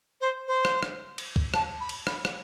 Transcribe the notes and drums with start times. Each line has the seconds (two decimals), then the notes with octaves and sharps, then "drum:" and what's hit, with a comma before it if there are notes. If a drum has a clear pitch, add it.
0.21 C5
0.47 C5
0.65 drum: rim click
0.83 drum: rim click
1.18 drum: cymbal
1.36 drum: kick
1.54 A5, drum: rim click
1.80 B5
1.89 drum: cymbal
2.07 B5, drum: rim click
2.25 drum: rim click